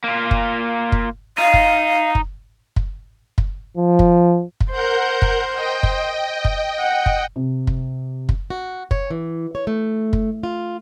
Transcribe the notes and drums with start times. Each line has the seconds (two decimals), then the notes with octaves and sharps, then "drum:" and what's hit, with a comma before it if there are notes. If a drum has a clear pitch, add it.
0.04 A#3 F4
0.31 drum: kick
0.92 drum: kick
1.38 D#4 F5
1.54 drum: kick
2.15 drum: kick
2.76 drum: kick
3.38 drum: kick
3.77 F3
3.99 drum: kick
4.60 drum: kick
4.71 A#4 C5 F#5 G6
5.22 drum: kick
5.53 D#5 G5
5.83 drum: kick
6.45 drum: kick
6.80 F#5
7.06 drum: kick
7.36 C3
7.67 drum: kick
8.29 drum: kick
8.50 F#4
8.91 C#5, drum: kick
9.11 E3
9.55 C#5
9.67 A3
10.13 drum: kick
10.43 F4